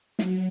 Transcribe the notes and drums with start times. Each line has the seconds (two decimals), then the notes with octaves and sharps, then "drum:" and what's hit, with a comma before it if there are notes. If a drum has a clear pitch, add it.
0.19 F#3, drum: snare